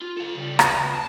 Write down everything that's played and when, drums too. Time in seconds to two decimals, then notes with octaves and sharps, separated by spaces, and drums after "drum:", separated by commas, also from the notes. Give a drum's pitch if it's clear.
0.01 F4
0.17 A4 F5
0.35 C#3 G3
0.59 B4 E5, drum: rim click
0.73 C#2
0.95 A5